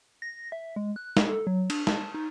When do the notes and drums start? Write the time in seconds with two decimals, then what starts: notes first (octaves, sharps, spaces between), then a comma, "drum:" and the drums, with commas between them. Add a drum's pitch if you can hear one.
0.22 A#6
0.52 E5
0.76 G#3
0.96 F#6
1.17 drum: snare
1.29 A4
1.47 F#3
1.70 D4, drum: cymbal
1.87 A5, drum: snare
2.14 D#4